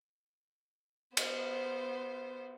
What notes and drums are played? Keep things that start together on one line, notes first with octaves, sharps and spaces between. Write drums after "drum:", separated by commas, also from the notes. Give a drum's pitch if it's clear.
B3 C5, drum: cymbal